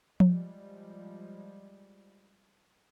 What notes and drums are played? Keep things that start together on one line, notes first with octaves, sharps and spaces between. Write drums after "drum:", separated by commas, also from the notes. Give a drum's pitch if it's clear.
F3 G3 G#3, drum: tom F3